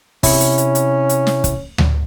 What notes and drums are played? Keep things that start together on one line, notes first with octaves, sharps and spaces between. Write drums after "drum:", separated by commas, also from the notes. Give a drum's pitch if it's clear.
C3 C#4 E4, drum: kick, open hi-hat
drum: hi-hat
drum: hi-hat
drum: hi-hat
drum: hi-hat
drum: snare
drum: kick, hi-hat
drum: tom D2